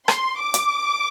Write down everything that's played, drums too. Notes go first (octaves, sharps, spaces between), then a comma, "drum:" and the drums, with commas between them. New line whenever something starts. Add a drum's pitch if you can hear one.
C6, drum: rim click
D6
drum: hi-hat